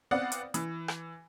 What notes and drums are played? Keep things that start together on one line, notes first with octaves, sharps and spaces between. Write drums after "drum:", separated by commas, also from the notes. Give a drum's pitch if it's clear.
B3 C4 D5 F5 F#5
drum: hi-hat
E3, drum: hi-hat
drum: rim click